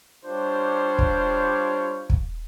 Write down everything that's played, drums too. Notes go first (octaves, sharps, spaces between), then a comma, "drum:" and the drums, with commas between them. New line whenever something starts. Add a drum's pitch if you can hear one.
G3 D4 F4 G4 C5 C#5
drum: kick
drum: kick